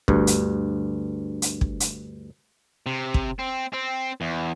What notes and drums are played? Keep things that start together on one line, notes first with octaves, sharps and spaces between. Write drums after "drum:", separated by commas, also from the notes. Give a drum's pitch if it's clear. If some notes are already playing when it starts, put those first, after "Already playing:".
D2 G2, drum: kick
drum: hi-hat
drum: hi-hat
drum: kick
drum: hi-hat
C3
drum: kick
C4
C4
E2